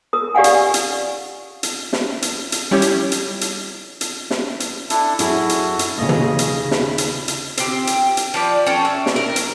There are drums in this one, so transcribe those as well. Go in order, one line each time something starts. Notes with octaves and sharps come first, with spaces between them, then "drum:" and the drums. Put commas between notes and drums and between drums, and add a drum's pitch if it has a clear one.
A#4 D#6
G4 D5 F5 F#5 G#5
drum: hi-hat
drum: hi-hat
drum: hi-hat
drum: snare
drum: hi-hat
drum: hi-hat
G3 C#4 E4 G4 C#5
drum: hi-hat
drum: hi-hat
drum: hi-hat
drum: hi-hat
drum: snare
drum: hi-hat
D4 E4 A4, drum: hi-hat
F#2 E4 F#4 G#4 A4, drum: hi-hat
drum: hi-hat
drum: hi-hat
D#2 A#2 C#3 D#5
drum: tom
drum: hi-hat
B5, drum: snare
drum: hi-hat
drum: hi-hat
C4 G4, drum: hi-hat
drum: hi-hat
drum: hi-hat
F3 B4 D5
C#4 A4 G5
E5
drum: snare
A#4
drum: hi-hat